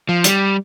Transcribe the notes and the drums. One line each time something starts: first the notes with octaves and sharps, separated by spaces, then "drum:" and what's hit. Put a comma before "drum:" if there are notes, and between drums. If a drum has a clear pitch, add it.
F3
G3, drum: hi-hat